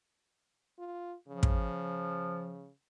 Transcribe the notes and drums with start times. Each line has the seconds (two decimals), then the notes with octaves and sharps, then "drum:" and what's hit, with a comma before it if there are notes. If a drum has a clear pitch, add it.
0.79 F4
1.28 C#3 F3
1.43 drum: kick